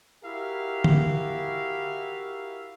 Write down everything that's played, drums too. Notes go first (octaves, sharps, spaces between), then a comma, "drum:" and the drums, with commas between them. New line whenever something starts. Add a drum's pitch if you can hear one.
E4 F#4 G4 A#4 E5 F5
drum: tom D3